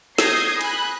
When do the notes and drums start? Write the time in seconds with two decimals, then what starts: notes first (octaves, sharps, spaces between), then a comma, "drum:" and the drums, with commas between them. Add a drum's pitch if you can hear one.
0.18 D#6 G6 G#6 A#6 C7, drum: snare
0.61 G#5 B5 F#6, drum: cymbal